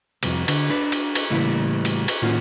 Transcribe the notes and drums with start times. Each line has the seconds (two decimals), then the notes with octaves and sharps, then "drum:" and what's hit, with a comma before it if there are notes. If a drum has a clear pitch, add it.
0.23 C2 F2, drum: cymbal
0.48 D3, drum: cymbal
0.70 D4 B4
0.92 drum: cymbal
1.15 drum: cymbal
1.30 A2 C#3 E3 G3 A#3 E4
1.85 drum: cymbal
2.08 drum: cymbal
2.22 A2 D#3 A#3 C#4 F4 F#4